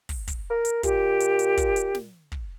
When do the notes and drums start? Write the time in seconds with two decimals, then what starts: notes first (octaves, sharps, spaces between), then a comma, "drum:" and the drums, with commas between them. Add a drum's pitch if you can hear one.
0.09 drum: kick, open hi-hat
0.28 drum: kick, hi-hat
0.50 A#4
0.65 drum: hi-hat
0.83 A#2 G4, drum: kick, hi-hat
1.20 drum: hi-hat
1.39 drum: hi-hat
1.57 drum: kick, hi-hat
1.76 drum: hi-hat
1.95 drum: snare
2.32 drum: kick